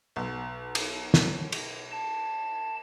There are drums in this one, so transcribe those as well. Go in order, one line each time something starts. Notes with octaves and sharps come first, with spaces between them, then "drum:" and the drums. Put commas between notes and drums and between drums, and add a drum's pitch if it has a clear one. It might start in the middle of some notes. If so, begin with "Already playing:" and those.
B1
drum: cymbal
drum: snare
drum: cymbal
A5